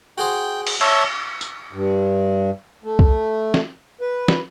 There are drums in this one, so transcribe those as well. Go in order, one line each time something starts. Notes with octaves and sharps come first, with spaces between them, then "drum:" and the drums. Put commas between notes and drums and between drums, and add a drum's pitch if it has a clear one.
F#4 G#4 C5 G5
drum: open hi-hat
C#5 E5 A5, drum: cymbal
drum: tambourine
G2
A3
drum: kick C2
drum: snare
B4
drum: snare